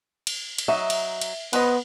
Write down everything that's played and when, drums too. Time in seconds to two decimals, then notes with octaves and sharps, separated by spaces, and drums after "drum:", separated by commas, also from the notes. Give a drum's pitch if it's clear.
0.27 drum: cymbal
0.58 drum: cymbal
0.68 F#3 D#4 E5
0.90 drum: cymbal
1.21 drum: cymbal
1.53 B3 B4 C5 D#5, drum: cymbal